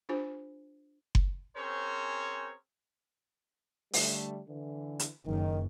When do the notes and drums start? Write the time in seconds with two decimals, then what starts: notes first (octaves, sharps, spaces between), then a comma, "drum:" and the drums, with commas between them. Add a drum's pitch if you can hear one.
0.09 D4 F4 G4 C5 G#5
1.15 drum: kick F#1
1.57 C4 C#4 G#4 A#4 C5 C#5
3.93 D3 G3 A3, drum: open hi-hat
4.48 D3 E3
4.99 drum: hi-hat
5.26 F#1 F#2 D#3